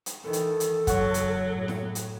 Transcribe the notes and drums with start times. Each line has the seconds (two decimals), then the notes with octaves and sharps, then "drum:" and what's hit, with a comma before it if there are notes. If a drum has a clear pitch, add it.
0.06 drum: hi-hat
0.24 D#3 E3 A4
0.33 drum: hi-hat
0.60 drum: hi-hat
0.87 F#1 F#3 F#5 C#6, drum: kick, hi-hat
1.14 drum: hi-hat
1.51 A2
1.68 drum: snare E4
1.95 drum: hi-hat